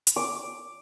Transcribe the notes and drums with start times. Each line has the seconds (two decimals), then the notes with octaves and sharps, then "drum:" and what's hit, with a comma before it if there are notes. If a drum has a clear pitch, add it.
0.07 drum: hi-hat
0.16 D6